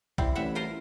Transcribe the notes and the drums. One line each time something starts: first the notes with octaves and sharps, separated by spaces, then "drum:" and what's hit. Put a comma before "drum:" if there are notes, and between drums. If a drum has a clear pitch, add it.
G3 C4 E4, drum: kick
A1 G3 E5 F#5
F4 A#4 C5